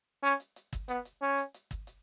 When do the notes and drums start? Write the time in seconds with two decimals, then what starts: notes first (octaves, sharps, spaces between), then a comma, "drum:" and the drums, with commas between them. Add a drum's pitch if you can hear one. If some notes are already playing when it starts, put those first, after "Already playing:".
0.23 C#4
0.40 drum: hi-hat
0.56 drum: hi-hat
0.73 drum: kick G1, hi-hat
0.88 B3, drum: hi-hat
1.05 drum: hi-hat
1.22 C#4
1.38 drum: hi-hat
1.54 drum: hi-hat
1.71 drum: kick G1, hi-hat
1.87 drum: hi-hat